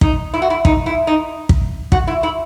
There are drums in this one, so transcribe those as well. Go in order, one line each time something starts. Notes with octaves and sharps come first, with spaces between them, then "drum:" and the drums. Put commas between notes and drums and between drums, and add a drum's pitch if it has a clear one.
D#4, drum: kick
E4
F#4
E4
D#4, drum: kick
E4
D#4
drum: kick
F#4, drum: kick
E4
E4